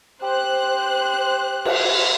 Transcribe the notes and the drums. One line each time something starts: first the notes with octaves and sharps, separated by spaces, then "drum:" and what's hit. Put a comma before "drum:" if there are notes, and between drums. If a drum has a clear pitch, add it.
G4 C5 F#6
drum: cymbal